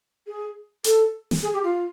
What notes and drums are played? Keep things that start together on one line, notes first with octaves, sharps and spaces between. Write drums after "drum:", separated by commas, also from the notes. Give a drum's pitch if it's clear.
G#4
A4, drum: hi-hat
drum: snare
G#4
G4
F4